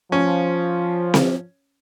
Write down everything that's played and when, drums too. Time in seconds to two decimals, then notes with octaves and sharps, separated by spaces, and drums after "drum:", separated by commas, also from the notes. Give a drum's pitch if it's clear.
0.12 F3 C#4
1.14 drum: snare C4